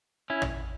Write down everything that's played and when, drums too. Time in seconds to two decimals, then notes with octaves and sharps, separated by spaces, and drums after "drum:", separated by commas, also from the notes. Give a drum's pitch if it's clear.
0.30 C#4 E4
0.42 drum: tom